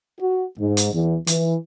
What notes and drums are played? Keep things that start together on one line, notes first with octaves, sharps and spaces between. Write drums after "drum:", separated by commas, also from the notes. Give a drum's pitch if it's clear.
F#4
G#2
drum: hi-hat
E2
E3, drum: hi-hat